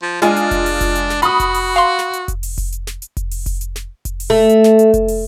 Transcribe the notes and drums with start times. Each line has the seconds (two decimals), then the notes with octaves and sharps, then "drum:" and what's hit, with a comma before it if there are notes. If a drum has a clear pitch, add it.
0.02 F3
0.22 G#3 D4 F4 G#5, drum: snare
0.36 drum: hi-hat
0.51 drum: kick F1, hi-hat
0.66 drum: open hi-hat
0.81 drum: kick F1, hi-hat
0.95 drum: hi-hat
1.10 drum: snare
1.22 F#4 B5 D#6, drum: hi-hat
1.40 drum: kick F1, hi-hat
1.54 drum: open hi-hat
1.76 F5 C6
1.99 drum: snare
2.13 drum: hi-hat
2.28 drum: kick F1, hi-hat
2.43 drum: open hi-hat
2.58 drum: kick F1, hi-hat
2.72 drum: hi-hat
2.87 drum: snare
3.02 drum: hi-hat
3.17 drum: kick F1, hi-hat
3.31 drum: open hi-hat
3.46 drum: kick F1, hi-hat
3.61 drum: hi-hat
3.76 drum: snare
4.05 drum: kick F1, hi-hat
4.20 drum: open hi-hat
4.30 A3
4.49 drum: hi-hat
4.64 drum: snare
4.79 drum: hi-hat
4.94 drum: kick F1, hi-hat
5.08 drum: open hi-hat